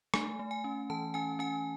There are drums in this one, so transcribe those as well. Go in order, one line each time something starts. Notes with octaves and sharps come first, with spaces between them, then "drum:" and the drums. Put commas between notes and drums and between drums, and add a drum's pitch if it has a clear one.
A3 G#5, drum: rim click
A3
G#5
C#4
E3 A5
C#4 G#5
C#4 G#5